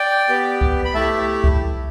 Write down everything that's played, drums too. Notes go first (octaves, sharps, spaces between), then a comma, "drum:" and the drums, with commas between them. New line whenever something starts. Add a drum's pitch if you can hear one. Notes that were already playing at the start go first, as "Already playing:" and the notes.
Already playing: D5 G5
B3 G4
drum: kick C2
B5
A3 E4 G4 E5 A5
drum: kick C2